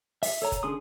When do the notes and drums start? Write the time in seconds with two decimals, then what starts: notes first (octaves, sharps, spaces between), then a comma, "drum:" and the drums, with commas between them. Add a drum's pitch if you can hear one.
0.23 E5, drum: open hi-hat
0.42 A4 C#5 A#5
0.52 drum: kick F1, hi-hat
0.63 D3 C#4 G#4 C6 D#6